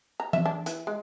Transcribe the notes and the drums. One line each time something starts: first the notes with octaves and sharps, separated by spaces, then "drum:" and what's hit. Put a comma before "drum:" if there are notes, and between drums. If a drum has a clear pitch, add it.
A#5
E5, drum: tom E3
D4
E3, drum: hi-hat
G#3